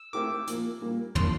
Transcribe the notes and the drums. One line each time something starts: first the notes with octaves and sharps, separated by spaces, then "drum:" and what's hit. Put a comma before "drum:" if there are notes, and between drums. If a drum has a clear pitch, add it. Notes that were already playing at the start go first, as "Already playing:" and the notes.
Already playing: E6
A3 C4 E4 G4 A#4 D6
A#2 F3 A#3, drum: hi-hat
A#2 G3 A#3
F3 A#3 D4 C6, drum: tom